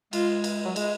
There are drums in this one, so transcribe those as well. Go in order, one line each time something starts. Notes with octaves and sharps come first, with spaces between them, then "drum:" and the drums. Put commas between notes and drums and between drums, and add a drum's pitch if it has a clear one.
G#3 F4, drum: cymbal
drum: cymbal
F#3
G#3, drum: cymbal